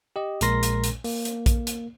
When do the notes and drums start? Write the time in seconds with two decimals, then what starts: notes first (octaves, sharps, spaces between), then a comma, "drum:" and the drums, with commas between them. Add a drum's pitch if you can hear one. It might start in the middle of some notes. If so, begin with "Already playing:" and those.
0.16 G4 D#5
0.41 A#1 A#2 G#3 A#4 C6 A#6, drum: hi-hat
0.63 drum: hi-hat
0.84 drum: hi-hat
1.04 A#3, drum: open hi-hat
1.25 drum: hi-hat
1.46 drum: kick, hi-hat
1.67 drum: hi-hat